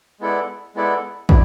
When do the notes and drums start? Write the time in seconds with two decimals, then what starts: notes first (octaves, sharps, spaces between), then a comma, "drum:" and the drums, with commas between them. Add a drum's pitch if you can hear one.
0.20 G#3 B3 E4 A4 D5
0.75 G#3 B3 E4 A4 D5
1.29 E4 D5, drum: kick